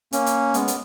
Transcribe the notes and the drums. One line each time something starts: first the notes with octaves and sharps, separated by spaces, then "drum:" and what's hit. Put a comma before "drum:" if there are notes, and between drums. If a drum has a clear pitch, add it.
A#3 C#4, drum: hi-hat
drum: hi-hat
G#3 B3, drum: hi-hat
drum: hi-hat